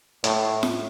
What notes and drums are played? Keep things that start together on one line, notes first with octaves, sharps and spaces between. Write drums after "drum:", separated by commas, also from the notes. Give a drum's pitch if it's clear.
A2, drum: hi-hat
drum: snare F4